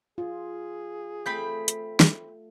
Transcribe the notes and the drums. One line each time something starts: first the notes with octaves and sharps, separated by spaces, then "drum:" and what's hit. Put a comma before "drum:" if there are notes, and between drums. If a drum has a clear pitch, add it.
F4 G#4
A3 C4 B5 G6
drum: hi-hat
drum: snare